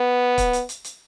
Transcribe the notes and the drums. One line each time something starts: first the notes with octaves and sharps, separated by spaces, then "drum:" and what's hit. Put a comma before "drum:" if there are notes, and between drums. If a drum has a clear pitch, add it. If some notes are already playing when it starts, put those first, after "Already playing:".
Already playing: B3
drum: kick, hi-hat
drum: hi-hat
drum: hi-hat
drum: hi-hat